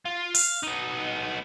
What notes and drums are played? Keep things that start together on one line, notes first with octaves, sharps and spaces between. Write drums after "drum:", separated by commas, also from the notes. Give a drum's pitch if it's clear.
F4
F5, drum: open hi-hat
B3 D#4